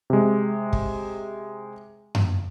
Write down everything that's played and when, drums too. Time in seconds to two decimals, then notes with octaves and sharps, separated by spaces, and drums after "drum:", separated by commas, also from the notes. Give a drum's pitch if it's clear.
0.10 C3 G#3
0.73 drum: kick
2.15 drum: tom F#2